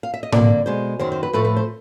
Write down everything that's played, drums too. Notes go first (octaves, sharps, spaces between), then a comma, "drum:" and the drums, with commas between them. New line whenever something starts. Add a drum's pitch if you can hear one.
F5
E5
D#5
F2 D3 F#3 A#3 D5, drum: tom A2
B2 G#3 C5
F#2 D#3 F#3 C5
C5
B4
A2 F3 A3 B4
B4
C5